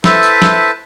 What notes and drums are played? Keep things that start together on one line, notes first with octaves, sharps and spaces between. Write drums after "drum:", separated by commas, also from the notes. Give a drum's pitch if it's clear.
E4 A4 B4 C5 E5 A5, drum: snare
drum: tambourine
drum: snare